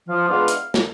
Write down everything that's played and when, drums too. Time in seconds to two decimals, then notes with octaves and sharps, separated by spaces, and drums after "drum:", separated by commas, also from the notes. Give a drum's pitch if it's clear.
0.09 F3 F5
0.28 G#3 B3 D4 F4
0.48 drum: hi-hat
0.74 drum: snare